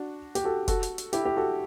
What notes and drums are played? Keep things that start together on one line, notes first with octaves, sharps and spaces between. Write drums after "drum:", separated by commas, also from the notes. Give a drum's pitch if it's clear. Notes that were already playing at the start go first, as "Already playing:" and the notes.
Already playing: D4 F#4
G4, drum: hi-hat
F#4 A4
F#4 A4, drum: kick F1, hi-hat
drum: hi-hat
drum: hi-hat
E4 G4, drum: hi-hat
G4
F#4 A4